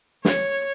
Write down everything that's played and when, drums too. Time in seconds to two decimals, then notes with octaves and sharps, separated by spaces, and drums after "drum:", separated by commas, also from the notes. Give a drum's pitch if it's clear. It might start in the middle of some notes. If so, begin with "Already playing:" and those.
0.25 C#5, drum: snare